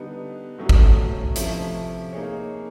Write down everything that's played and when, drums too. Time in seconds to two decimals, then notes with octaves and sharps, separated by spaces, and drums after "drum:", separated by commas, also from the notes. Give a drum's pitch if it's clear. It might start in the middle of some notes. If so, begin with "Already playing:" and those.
Already playing: D3 G3 B3 D#4
0.58 A2 F#3 A3 C#4
0.69 drum: kick G#1
1.36 C3 F3 A3 C#4 E4, drum: hi-hat
2.13 A#3 D#4 G#4 C#5